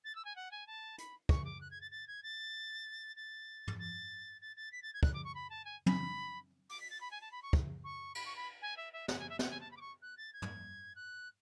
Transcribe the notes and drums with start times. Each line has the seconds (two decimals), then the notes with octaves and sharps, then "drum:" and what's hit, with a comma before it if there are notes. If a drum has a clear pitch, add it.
0.04 A6
0.15 E6
0.25 G#5
0.36 F#5
0.51 G#5
0.67 A5
0.98 B5, drum: hi-hat
1.29 C#6, drum: kick
1.45 D6
1.61 F#6
1.71 G#6
1.81 A6
1.91 A6
2.07 G#6
2.23 A6
3.16 A6
3.68 drum: tom
3.78 A6
4.41 A6
4.56 A6
4.72 B6
4.82 A6
4.93 G#6
5.03 F#6, drum: kick
5.14 D6
5.24 C#6
5.34 B5
5.50 A5
5.65 G#5
5.86 B5, drum: tom
6.69 D6, drum: open hi-hat
6.80 B6
6.90 A6
7.00 B5
7.11 G#5
7.21 A5
7.31 B5
7.42 C#6
7.53 drum: kick
7.84 C#6
8.15 B5, drum: cymbal
8.25 C#6
8.36 B5
8.61 G#5
8.77 E5
8.93 E5
9.08 F#5, drum: snare
9.19 G#5
9.29 E5
9.39 F#5, drum: snare
9.50 G#5
9.60 A5
9.71 B5
9.76 D6
9.80 C#6
10.02 F#6
10.17 A6
10.33 G#6
10.42 drum: tom
10.95 F#6